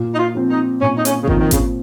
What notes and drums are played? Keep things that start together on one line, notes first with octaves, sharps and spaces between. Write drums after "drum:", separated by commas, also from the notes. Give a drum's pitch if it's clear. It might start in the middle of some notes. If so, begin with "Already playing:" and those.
Already playing: A#2
D#4
F4
F3 C4
D#4
A#2 C#4
D#4
C#4, drum: hi-hat
C#3
D#3 F3 C4, drum: kick G#1
D#3
C#3, drum: kick G#1, hi-hat